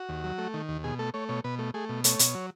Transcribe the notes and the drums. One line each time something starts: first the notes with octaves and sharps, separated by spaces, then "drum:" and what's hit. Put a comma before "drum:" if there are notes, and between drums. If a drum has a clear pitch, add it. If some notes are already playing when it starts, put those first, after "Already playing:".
Already playing: F#4
D#2
F#3
A3
D#3
D#2
B2 G#4
A3 A4
A3 C#5
B2 C#5
B2 B4
A3
A3 G#4
B2
A3 C#5, drum: hi-hat
B2, drum: hi-hat
F#3